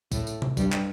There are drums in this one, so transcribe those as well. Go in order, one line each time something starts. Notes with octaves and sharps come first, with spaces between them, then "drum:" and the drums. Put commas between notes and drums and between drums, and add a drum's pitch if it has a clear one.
A2 A3, drum: kick, tambourine
drum: tambourine
drum: tom
G2 G3, drum: kick, tambourine
drum: clap